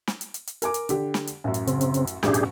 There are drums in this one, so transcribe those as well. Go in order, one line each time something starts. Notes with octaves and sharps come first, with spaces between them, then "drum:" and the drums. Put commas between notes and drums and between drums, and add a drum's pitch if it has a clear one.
drum: snare
drum: hi-hat
drum: hi-hat
drum: hi-hat
A#4 G#5 D6, drum: hi-hat
drum: hi-hat
D3 G4, drum: hi-hat
drum: snare
drum: hi-hat
A1 F#2
drum: hi-hat
C#3 C4, drum: hi-hat
drum: hi-hat
drum: hi-hat
drum: hi-hat
E1 A1 F#2 D4 G4 G#4, drum: snare
drum: hi-hat